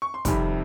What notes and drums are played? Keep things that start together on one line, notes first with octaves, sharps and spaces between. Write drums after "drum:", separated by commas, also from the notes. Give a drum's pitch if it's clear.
C#6
C6
F2 C3 D#3 G3 B5, drum: kick, hi-hat